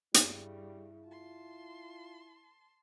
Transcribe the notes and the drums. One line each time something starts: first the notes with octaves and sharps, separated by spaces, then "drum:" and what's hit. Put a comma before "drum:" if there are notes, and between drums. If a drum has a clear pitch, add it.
G2 C#3 G3 E4, drum: hi-hat
F4 A5 C6